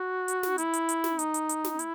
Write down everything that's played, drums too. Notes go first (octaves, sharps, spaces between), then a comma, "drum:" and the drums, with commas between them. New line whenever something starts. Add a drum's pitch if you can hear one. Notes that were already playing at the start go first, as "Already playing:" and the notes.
Already playing: F#4
drum: hi-hat
drum: snare
E4, drum: hi-hat
drum: hi-hat
drum: hi-hat
drum: snare
D#4, drum: hi-hat
drum: hi-hat
drum: hi-hat
drum: snare
E4, drum: hi-hat